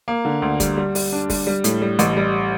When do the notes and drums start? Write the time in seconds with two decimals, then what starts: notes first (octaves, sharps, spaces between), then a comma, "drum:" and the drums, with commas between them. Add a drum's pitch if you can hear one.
0.08 A#3
0.25 D3
0.42 D2
0.60 G3, drum: kick F#1, hi-hat
0.77 G3
0.95 G3, drum: open hi-hat
1.12 D4
1.30 G3, drum: kick F#1, open hi-hat
1.47 G3
1.64 A2, drum: hi-hat
1.82 G3
1.99 A1, drum: hi-hat
2.17 G3